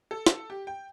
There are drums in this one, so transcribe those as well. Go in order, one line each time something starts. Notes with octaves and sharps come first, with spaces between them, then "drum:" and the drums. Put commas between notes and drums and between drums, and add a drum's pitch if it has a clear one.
A4
drum: snare
G4
G5